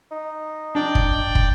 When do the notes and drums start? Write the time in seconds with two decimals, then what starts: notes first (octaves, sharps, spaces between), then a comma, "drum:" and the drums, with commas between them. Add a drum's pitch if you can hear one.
0.11 D#4
0.75 D4 D5 G5
0.95 drum: kick
1.35 drum: kick